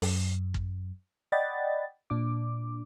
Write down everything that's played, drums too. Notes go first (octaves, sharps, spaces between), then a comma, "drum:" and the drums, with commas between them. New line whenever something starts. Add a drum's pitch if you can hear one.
F#2, drum: open hi-hat
drum: kick
D5 D#5 F#5 G5 B5 A6
A#2 D4 D6